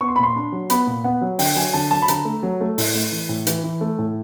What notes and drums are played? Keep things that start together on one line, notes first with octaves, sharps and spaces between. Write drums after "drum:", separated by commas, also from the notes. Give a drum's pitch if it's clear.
B3 C#6
C6
B5
A#2 C6
D4
F#3
B3 B5, drum: hi-hat
A#2
B3 F#5
F#3
D3 G5, drum: open hi-hat
F#3 G#5
D3 A5
F#3 A5
B5
D3 A#5, drum: hi-hat
A3
F#3
A3
A2, drum: open hi-hat
A3
E3
A2
E3, drum: hi-hat
E3
A3
A2